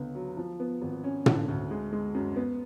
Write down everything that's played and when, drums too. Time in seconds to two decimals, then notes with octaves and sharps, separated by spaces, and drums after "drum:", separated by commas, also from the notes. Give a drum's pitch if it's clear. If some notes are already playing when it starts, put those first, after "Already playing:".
Already playing: C#2 D3 B3
0.15 F#3
0.37 F3
0.60 B3
0.81 G#1
1.04 C#4
1.26 D3, drum: tom
1.48 D2
1.71 G#3
1.92 G#3
2.14 F#2
2.36 B3